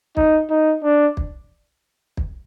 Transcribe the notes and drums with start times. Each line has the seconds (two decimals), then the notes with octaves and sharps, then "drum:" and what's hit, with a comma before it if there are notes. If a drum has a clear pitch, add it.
0.17 D#4, drum: kick
0.50 D#4
0.84 D4
1.17 drum: kick
2.17 drum: kick